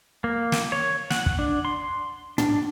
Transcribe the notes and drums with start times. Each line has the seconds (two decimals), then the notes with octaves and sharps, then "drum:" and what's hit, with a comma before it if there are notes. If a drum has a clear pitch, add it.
0.24 A#3
0.52 drum: snare
0.72 C#5
1.10 F#5, drum: snare
1.26 drum: kick
1.39 D4
1.65 C6
2.38 D4, drum: tom